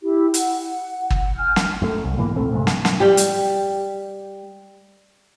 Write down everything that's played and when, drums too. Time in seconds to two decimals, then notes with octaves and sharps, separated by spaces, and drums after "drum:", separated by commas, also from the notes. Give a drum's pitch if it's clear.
0.01 E4 G4
0.34 F#5, drum: hi-hat
1.10 drum: kick
1.36 G#5 F6 G6
1.56 drum: snare
1.82 F#2 A3
2.04 C2
2.17 G#2 B2 E3 A#3
2.36 D#1 A#1 A3 C4
2.54 G2 C3 G#3 A3
2.67 drum: snare
2.85 drum: snare
3.00 G3 G4
3.17 drum: hi-hat